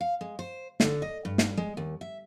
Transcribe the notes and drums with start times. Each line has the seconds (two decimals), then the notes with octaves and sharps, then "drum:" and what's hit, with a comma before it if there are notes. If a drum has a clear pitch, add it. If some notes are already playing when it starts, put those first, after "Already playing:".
0.01 F5
0.21 G#3
0.39 C5
0.80 D3, drum: snare
1.02 D#5
1.25 G2
1.38 drum: snare
1.57 G#3
1.77 D#2
2.01 E5